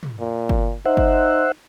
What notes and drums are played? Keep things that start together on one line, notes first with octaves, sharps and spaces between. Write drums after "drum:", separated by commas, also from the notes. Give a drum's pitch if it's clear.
drum: tom
A#2
drum: kick G1
D#4 C5 E5 F#5
drum: kick G1